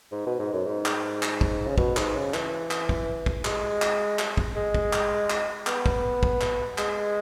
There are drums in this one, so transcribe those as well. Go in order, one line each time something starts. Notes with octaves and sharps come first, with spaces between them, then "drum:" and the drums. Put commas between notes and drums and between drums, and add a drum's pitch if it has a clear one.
G#2
B2
G#2
F#2
G#2
drum: clap
drum: clap
drum: kick
C#3
B2, drum: kick
G#2, drum: clap
C#3
E3, drum: clap
drum: clap
drum: kick
drum: kick
G#3, drum: clap
drum: clap
drum: clap
drum: kick
G#3
drum: kick
drum: clap
drum: clap
B3, drum: clap
drum: kick
drum: kick
drum: clap
G#3, drum: clap